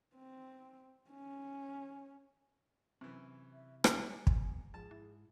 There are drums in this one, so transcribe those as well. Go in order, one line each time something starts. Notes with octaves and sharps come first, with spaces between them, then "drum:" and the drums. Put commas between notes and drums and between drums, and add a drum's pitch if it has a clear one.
C4
C#4
F#2 C3 E3 C4 E4
E5
G3 A#3 G4 G#5 D6, drum: rim click
F2 B3, drum: kick
G#2 F3 G#4 A5
E4